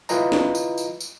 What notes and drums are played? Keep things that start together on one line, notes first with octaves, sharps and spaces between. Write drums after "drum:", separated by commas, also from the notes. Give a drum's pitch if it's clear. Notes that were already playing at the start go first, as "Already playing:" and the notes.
E4 F4 B4 D#5 A#5, drum: tambourine
drum: snare
drum: tambourine
drum: tambourine
drum: tambourine